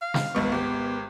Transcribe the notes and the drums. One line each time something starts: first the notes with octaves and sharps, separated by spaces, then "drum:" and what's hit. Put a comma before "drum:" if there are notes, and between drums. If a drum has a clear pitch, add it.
F5
drum: snare
G#1 C#2 B3 C#6
G#1 G4